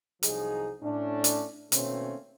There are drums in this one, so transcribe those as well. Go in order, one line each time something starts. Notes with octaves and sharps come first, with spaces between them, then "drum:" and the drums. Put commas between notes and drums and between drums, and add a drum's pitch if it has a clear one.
C2 F3 F#3 D#4 G#4, drum: hi-hat
A2 A3 C#4 D4
drum: hi-hat
B2 D#3 A3 A#3 C4 C#4, drum: hi-hat